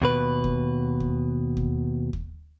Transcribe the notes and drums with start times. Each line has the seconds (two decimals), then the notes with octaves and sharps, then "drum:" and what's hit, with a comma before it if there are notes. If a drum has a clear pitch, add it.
0.02 D#2 B2 B4
0.44 drum: kick
1.00 drum: kick
1.57 drum: kick
2.13 drum: kick